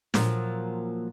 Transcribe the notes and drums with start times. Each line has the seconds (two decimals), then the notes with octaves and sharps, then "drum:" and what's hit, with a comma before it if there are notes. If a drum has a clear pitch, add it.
0.14 A#2 F3 F#3, drum: snare